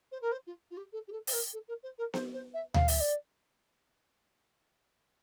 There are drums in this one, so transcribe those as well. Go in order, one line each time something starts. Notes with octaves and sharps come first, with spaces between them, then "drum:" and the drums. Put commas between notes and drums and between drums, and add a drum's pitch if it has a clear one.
C5
A#4
C5
F4
F4
G4
A4
G4
A4
C5, drum: open hi-hat
A#4
A4
A#4
C5
A#4
C5, drum: snare B3
C5
E5
F5, drum: tom D2
E5, drum: open hi-hat
D5